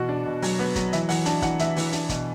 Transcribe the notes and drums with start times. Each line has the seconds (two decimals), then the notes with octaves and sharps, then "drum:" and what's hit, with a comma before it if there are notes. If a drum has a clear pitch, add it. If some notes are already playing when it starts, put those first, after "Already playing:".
Already playing: B2 E3 F#4
0.09 D4
0.26 B2
0.42 F#3, drum: open hi-hat
0.59 B3
0.76 F#3, drum: kick, hi-hat
0.93 E3 E5, drum: hi-hat
1.09 E3 F#5, drum: open hi-hat
1.26 D4 A5, drum: hi-hat
1.42 E3 F#5, drum: kick, hi-hat
1.59 E3 E5, drum: hi-hat
1.76 E3, drum: open hi-hat
1.93 D4, drum: hi-hat
2.09 B2, drum: kick, hi-hat